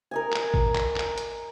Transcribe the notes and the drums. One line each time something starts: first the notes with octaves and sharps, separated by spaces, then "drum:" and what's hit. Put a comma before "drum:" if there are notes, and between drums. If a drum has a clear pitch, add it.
A#4 D#5 G#5
drum: clap
drum: kick
drum: clap
drum: clap
drum: hi-hat